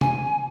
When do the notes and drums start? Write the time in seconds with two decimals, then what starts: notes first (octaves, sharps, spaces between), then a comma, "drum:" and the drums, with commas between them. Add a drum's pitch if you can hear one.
0.01 G#5, drum: tom C3